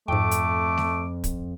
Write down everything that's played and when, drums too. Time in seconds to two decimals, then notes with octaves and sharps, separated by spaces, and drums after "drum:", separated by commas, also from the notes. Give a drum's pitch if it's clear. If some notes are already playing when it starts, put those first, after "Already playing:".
0.08 F2 G#2 A3 G5 D6
0.31 drum: hi-hat
0.77 drum: snare A3
1.24 drum: kick, hi-hat